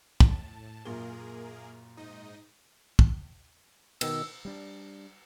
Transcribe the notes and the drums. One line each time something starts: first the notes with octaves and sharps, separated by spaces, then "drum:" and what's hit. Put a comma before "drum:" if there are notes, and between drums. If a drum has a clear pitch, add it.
A2 A5, drum: kick
F#2 A#2 A#3 G#4 A#4 G7
G#2 D#4 D#5
drum: kick
B2 D#3 E6, drum: cymbal
G3 D4